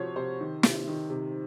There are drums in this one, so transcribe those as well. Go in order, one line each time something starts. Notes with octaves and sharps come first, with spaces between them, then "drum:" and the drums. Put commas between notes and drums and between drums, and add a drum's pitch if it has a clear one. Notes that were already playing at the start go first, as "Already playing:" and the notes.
Already playing: C3 F3 F4 F#4 C5 C#5
C3 C5
D#3
C3, drum: snare
D#3
C3